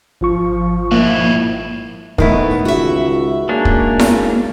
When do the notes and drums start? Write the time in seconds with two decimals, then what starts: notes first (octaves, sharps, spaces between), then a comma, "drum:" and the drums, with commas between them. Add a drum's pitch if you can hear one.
0.21 G#1 F3 F4 C#6
0.92 G#2 F3 A#3 E4
2.18 A2 D#3 E3 A3 B3 E4, drum: kick
2.65 C#2 F#4 E5
3.49 G#3 A#3 C#4 D4
3.65 drum: kick
3.99 drum: snare E4